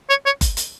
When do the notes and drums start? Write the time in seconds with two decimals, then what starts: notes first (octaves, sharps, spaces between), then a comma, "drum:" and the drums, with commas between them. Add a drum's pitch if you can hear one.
0.09 C#5
0.26 C#5
0.41 drum: kick F#1, hi-hat
0.57 drum: hi-hat